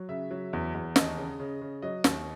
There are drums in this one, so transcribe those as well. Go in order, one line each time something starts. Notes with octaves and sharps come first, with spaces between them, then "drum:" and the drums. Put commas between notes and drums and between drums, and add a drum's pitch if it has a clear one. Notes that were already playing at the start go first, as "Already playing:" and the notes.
Already playing: F#3
C#3 E5
F#3
E2
E2
D#2 D#5, drum: snare
C#3
C#3
C#3
F#3 D#5
D#2, drum: snare